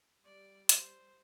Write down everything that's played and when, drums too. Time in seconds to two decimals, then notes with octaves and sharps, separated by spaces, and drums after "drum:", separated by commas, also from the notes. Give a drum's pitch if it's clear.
0.23 G3 D5
0.69 C5, drum: hi-hat